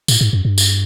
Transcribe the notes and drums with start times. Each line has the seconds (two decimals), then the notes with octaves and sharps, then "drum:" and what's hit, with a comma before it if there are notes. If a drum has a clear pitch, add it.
0.08 A2, drum: tambourine
0.21 G#2
0.33 F#2
0.45 G2
0.58 drum: tambourine